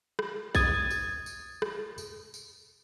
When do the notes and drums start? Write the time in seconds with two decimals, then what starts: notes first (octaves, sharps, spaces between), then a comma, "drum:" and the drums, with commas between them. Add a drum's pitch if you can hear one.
0.19 drum: rim click
0.55 D#6 G#6 A6, drum: kick, tambourine
0.90 drum: tambourine
1.26 drum: tambourine
1.62 drum: rim click
1.98 drum: tambourine
2.34 drum: tambourine